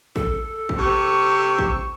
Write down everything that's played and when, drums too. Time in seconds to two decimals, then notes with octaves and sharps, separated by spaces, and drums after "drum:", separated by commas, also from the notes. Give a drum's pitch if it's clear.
0.16 A4, drum: kick
0.69 drum: kick
0.79 C3 C#6 E6
1.59 drum: kick